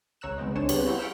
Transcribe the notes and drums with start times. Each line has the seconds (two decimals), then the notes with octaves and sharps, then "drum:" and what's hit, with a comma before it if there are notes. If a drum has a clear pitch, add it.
0.21 C#2 C#5 A#5 E6 F#6 E7
0.38 C#3 G#3 B3 C4 D#4
0.56 C#2 D4 C5 C#5 G#5 E7
0.69 G3 B3 C4 G#4 B4 C#5, drum: cymbal
0.86 G3 C4 C#4 E4 F#4
0.99 E6 F6 G6 B6 C#7 D7